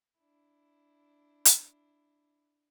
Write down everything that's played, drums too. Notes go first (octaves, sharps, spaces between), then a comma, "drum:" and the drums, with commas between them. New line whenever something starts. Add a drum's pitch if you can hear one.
D4 E4
drum: hi-hat